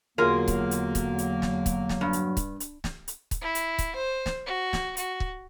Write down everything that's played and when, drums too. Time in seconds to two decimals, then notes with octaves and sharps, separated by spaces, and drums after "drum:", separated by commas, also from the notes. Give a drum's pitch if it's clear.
0.18 E2 D3 F#3 A#3 F4 G#4 A#4
0.48 drum: kick C#1, hi-hat
0.71 drum: hi-hat
0.95 drum: kick C#1, hi-hat
1.18 drum: hi-hat
1.42 drum: snare
1.66 drum: kick C#1, hi-hat
1.89 drum: snare
2.01 G2
2.13 drum: hi-hat
2.37 drum: kick C#1, hi-hat
2.60 drum: hi-hat
2.84 drum: snare
3.08 drum: hi-hat
3.31 drum: kick C#1, hi-hat
3.41 E4
3.55 drum: hi-hat
3.78 drum: kick C#1, hi-hat
3.95 C5
4.26 drum: snare
4.46 F#4
4.73 drum: snare
4.97 F#4, drum: hi-hat
5.20 drum: kick C#1